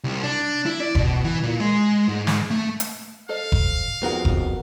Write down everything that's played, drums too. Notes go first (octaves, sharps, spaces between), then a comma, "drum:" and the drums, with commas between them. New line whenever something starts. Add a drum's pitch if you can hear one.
C2
D4
E4
D5
B2, drum: kick F1
E3
A#2
G#3
G#2
drum: snare
A3
drum: hi-hat
A4 C5 D#5 F5
drum: kick F1
F2 B3 D#4 F#4 G#4 A#4 F#5
drum: kick F1